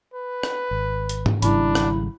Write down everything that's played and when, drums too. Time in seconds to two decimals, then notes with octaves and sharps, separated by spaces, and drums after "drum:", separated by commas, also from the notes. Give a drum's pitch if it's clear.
0.14 B4
0.43 drum: rim click
0.71 G#1
1.09 drum: hi-hat
1.26 drum: tom G#2
1.42 G#1 C#3 G3 D4 E4 B5, drum: hi-hat
1.75 drum: rim click